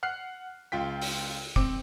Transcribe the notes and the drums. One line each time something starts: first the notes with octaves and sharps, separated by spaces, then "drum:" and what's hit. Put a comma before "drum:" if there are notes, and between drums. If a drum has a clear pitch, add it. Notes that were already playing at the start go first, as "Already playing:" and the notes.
F#5 F6 F#6 C7
C#2 F4 G5 B6
drum: open hi-hat
C4 D6, drum: kick F1